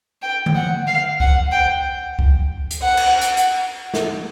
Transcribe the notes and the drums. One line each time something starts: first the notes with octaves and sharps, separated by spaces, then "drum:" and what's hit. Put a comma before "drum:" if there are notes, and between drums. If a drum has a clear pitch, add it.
G5
drum: tom D3
F#5
F5
F#5, drum: kick C2
G5
drum: kick C2
drum: hi-hat
F#5
drum: cymbal
drum: hi-hat
drum: hi-hat
drum: snare